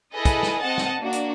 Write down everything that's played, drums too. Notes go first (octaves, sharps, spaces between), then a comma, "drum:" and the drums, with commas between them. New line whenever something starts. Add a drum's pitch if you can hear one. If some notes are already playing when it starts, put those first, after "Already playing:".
E4 G#4 A4 B4 D#5
drum: kick, hi-hat
drum: snare
C4 D#5 F#5 A5
drum: snare
A#3 D4 F#4
drum: hi-hat